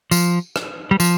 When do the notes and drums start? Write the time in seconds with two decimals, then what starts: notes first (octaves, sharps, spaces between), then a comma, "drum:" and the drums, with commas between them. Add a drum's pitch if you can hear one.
0.11 F3, drum: tambourine
0.56 drum: rim click
0.91 G3
1.00 F3, drum: tambourine